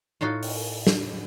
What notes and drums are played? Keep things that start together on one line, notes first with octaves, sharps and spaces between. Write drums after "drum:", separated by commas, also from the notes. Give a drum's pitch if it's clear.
A2 D#4 F4 F#4
drum: open hi-hat
drum: snare